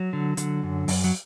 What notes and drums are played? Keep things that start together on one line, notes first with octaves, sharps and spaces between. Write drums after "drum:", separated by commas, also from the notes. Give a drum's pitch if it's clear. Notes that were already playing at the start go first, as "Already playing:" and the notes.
Already playing: F#3
D3
D3, drum: hi-hat
F#2
F#2, drum: open hi-hat
F#3